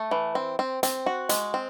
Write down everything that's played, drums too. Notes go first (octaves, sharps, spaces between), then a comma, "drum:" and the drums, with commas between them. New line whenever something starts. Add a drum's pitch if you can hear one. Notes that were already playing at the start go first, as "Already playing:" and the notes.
Already playing: A3
E3
C4
C4
C4, drum: hi-hat
F#4
G#3, drum: hi-hat
C4